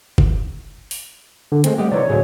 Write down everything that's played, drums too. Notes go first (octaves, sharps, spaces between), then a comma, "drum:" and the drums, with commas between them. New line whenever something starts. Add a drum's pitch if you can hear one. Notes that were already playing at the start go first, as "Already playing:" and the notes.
drum: kick
drum: open hi-hat
D3
G#3 A3 C4, drum: hi-hat
G3 A3 G4 D#5 F#5
C3 E3 D#4 C#5 D5
D2 A2 F#3 G#4